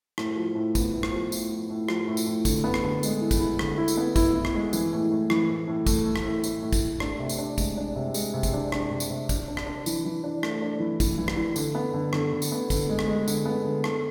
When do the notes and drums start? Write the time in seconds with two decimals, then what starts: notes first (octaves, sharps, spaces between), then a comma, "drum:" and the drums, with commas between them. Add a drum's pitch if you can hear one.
0.18 A2, drum: rim click
0.37 F3
0.55 A2
0.75 B3, drum: kick, tambourine
0.93 A2
1.03 drum: rim click
1.12 F3
1.32 A2, drum: tambourine
1.51 F3
1.70 A2
1.88 F3, drum: rim click
2.08 A2
2.17 drum: tambourine
2.26 A2
2.45 D3, drum: kick, tambourine
2.64 B3
2.74 drum: rim click
2.84 D3
3.03 G#3, drum: tambourine
3.21 E4
3.31 drum: kick, tambourine
3.40 E4
3.59 D3, drum: rim click
3.78 E4
3.88 drum: tambourine
3.97 B3
4.16 E4, drum: kick, tambourine
4.35 E4
4.45 drum: rim click
4.55 G#3
4.73 E3, drum: tambourine
4.93 A2
5.11 A2
5.30 E3, drum: rim click
5.50 A2
5.68 A2
5.87 A3, drum: kick, tambourine
6.06 A3
6.16 drum: rim click
6.25 A2
6.44 A2, drum: tambourine
6.63 A2
6.72 drum: kick, tambourine
6.83 A3
7.00 D4, drum: rim click
7.19 C3
7.29 drum: tambourine
7.39 D4
7.58 G#3, drum: kick, tambourine
7.77 D4
7.96 C3
8.14 G#3, drum: tambourine
8.34 C3
8.43 drum: kick, tambourine
8.53 D4
8.72 D4, drum: rim click
8.91 C3
9.00 drum: tambourine
9.10 C3
9.29 D4, drum: kick, tambourine
9.48 D4
9.57 drum: rim click
9.67 D4
9.86 E3, drum: tambourine
10.05 E3
10.24 D4
10.43 A3, drum: rim click
10.62 D4
10.80 E3
11.00 E3, drum: kick, tambourine
11.18 E3
11.28 drum: rim click
11.37 E3
11.56 D3, drum: tambourine
11.75 B3
11.94 D3
12.13 D3, drum: rim click
12.33 D3
12.42 drum: tambourine
12.52 B3
12.70 D3, drum: kick, tambourine
12.89 G#3
12.99 drum: rim click
13.08 G#3
13.28 D3, drum: tambourine
13.46 B3
13.65 D3
13.84 A4, drum: rim click